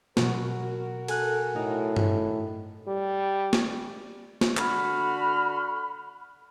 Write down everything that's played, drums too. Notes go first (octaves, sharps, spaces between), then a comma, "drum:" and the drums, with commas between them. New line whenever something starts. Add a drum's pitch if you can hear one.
B2 F#3 F#4 A#4, drum: snare
A4 G#5 F#6, drum: cymbal
A2 D#4
drum: tom G2
G3
drum: snare
drum: snare
D3 F#4 B5 F6, drum: clap